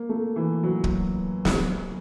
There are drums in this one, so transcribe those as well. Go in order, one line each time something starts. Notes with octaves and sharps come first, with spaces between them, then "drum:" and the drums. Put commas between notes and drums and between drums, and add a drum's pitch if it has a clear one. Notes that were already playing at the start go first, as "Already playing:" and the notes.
Already playing: A#3
A3
E3
F#3
drum: kick
drum: snare